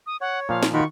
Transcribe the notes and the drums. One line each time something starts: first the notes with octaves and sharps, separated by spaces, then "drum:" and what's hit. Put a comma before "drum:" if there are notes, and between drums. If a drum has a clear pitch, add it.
D#6
C#5 F#5
A#2 F3 F5
drum: snare
D#3 F4 F#4 B5 C#6